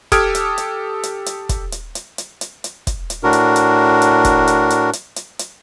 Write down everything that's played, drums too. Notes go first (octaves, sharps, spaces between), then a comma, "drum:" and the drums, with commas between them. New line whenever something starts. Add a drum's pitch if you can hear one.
G4 A4 D#6 F6 G#6 D7, drum: kick, hi-hat
drum: hi-hat
drum: hi-hat
drum: hi-hat
drum: hi-hat
drum: kick, hi-hat
drum: hi-hat
drum: hi-hat
drum: hi-hat
drum: hi-hat
drum: hi-hat
drum: kick, hi-hat
drum: hi-hat
A2 D4 F#4 A#4
drum: hi-hat
drum: hi-hat
drum: hi-hat
drum: kick, hi-hat
drum: hi-hat
drum: hi-hat
drum: hi-hat
drum: hi-hat
drum: hi-hat